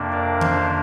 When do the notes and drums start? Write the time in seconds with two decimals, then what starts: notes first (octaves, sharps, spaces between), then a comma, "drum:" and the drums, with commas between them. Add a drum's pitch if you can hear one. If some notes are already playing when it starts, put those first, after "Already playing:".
Already playing: F2 C3 A#3 D4
0.12 A#4 D5
0.41 C5 F5, drum: tom D#3